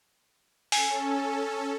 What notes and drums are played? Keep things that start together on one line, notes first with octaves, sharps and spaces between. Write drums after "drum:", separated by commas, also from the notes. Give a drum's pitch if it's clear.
C#4 A4 G#5, drum: open hi-hat